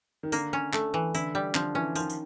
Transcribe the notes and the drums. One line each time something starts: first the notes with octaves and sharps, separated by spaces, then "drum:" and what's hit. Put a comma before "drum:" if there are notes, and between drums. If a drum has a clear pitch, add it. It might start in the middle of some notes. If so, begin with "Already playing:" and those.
D#3
D3 A#3, drum: tambourine
C#4
A3, drum: clap
E3
D3 E4, drum: tambourine
G3
D3 F3, drum: clap
E3 C#4
D#3 F3, drum: tambourine
drum: tambourine